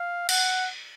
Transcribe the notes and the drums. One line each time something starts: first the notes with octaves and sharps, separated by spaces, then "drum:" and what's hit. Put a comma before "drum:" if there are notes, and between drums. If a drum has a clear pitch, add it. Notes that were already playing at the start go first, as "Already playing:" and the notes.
Already playing: F5
F#5, drum: cymbal